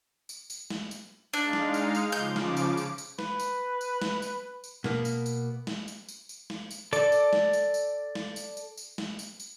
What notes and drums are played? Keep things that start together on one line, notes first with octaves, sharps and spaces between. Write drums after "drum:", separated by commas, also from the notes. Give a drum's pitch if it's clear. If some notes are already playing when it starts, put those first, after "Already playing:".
drum: tambourine
drum: tambourine
drum: snare
drum: tambourine
G#3 D4 D#4 F5, drum: tambourine
drum: snare
drum: tambourine
drum: tambourine
C#3 F3 D6 G6, drum: tambourine
drum: snare
drum: tambourine
drum: tambourine
drum: tambourine
B4, drum: snare
drum: tambourine
drum: tambourine
drum: snare
drum: tambourine
drum: tambourine
B2 A#3 B3, drum: snare
drum: tambourine
drum: tambourine
drum: snare
drum: tambourine
drum: tambourine
drum: tambourine
drum: snare
drum: tambourine
A4 D5 D6, drum: tambourine
drum: tambourine
drum: snare
drum: tambourine
drum: tambourine
drum: snare
drum: tambourine
drum: tambourine
drum: tambourine
drum: snare
drum: tambourine
drum: tambourine